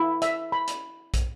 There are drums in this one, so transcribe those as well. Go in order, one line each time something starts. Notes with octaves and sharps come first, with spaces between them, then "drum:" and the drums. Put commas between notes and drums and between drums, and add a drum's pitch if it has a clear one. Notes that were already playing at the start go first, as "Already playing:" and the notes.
Already playing: E4
E5, drum: hi-hat
B5
drum: hi-hat
drum: kick, hi-hat